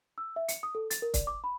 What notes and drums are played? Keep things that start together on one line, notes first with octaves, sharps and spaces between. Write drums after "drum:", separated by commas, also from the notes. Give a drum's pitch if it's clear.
E6
E5
C#7, drum: hi-hat
D#6
A4
A6, drum: hi-hat
A#4
D5, drum: kick, hi-hat
D6
B5